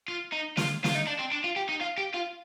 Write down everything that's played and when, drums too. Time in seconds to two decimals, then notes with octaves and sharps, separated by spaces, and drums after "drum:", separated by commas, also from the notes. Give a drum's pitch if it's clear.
0.08 F4
0.33 D#4
0.57 F4, drum: snare
0.84 F4, drum: snare
0.95 D#4
1.07 D4
1.19 C4
1.32 D4
1.44 F4
1.56 G4
1.69 D#4
1.81 F4
1.98 G4
2.14 F4